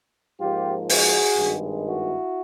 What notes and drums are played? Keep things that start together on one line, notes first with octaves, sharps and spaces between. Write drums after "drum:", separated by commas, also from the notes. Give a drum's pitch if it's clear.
G#2 F3 A#3 F4 G4
F#4 G#4, drum: open hi-hat
G#1 G2 D#3 G#3
E4 F#4